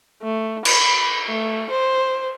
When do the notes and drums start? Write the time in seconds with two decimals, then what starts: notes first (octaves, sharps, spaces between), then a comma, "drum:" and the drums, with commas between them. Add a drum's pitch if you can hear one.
0.23 A3
0.65 B5, drum: cymbal
1.27 A3
1.70 C5